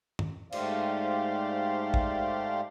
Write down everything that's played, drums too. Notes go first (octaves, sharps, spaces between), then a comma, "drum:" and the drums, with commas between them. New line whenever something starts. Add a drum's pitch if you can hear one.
drum: tom G2
G#2 A3 G4 C5 D5 F5, drum: cymbal
drum: kick